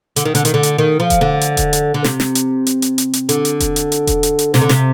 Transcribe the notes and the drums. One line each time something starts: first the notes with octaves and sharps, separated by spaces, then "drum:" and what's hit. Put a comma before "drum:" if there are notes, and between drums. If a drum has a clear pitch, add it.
D3, drum: hi-hat
D#3
D3, drum: hi-hat
D#3, drum: hi-hat
D3
drum: hi-hat
D#3
F3
drum: kick E1, hi-hat
D3
drum: hi-hat
drum: kick E1, hi-hat
drum: hi-hat
D3
C3, drum: snare
drum: snare
drum: hi-hat
drum: hi-hat
drum: hi-hat
drum: hi-hat
drum: hi-hat
D3, drum: hi-hat
drum: hi-hat
drum: kick E1, hi-hat
drum: hi-hat
drum: hi-hat
drum: kick E1, hi-hat
drum: hi-hat
drum: hi-hat
C3, drum: snare
D3
C3, drum: snare